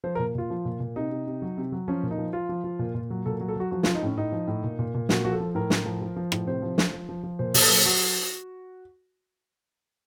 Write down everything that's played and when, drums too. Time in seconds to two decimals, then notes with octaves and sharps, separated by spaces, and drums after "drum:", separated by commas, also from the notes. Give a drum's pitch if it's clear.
0.04 F3 C5
0.15 A#4
0.19 A#2
0.35 A#2 F4
0.50 F3
0.65 A#2
0.80 A#2
0.96 C3 D#4
1.11 C3
1.27 C3
1.42 F#3
1.57 C3
1.72 F#3
1.88 F3 C#4
2.03 A#2
2.11 D#4
2.18 F3
2.33 F3 F4
2.49 F3
2.64 F3
2.79 A#2
2.94 A#2
3.10 F#3
3.26 A#2 A4
3.40 F#3
3.48 A4
3.56 F#3 F#4
3.71 F3 F#4
3.83 F4, drum: snare
3.87 F3
3.95 D#4
4.02 A2 C#4
4.17 A2 D#4
4.32 F3
4.47 A2
4.63 A#2
4.79 A#2
4.94 A#2
5.09 A#2 F#4, drum: snare
5.24 F3 F#4
5.32 A4
5.40 F3
5.55 A2 A#4
5.70 A2, drum: snare
5.86 F3
6.02 F3
6.16 F3
6.32 A2, drum: rim click
6.47 C3 C5
6.62 F3
6.78 F3, drum: snare
6.93 F3
7.09 F3
7.23 F3
7.39 A#2 C5
7.54 A#2, drum: open hi-hat
7.62 A4
7.69 F#3
7.85 F#3 F#4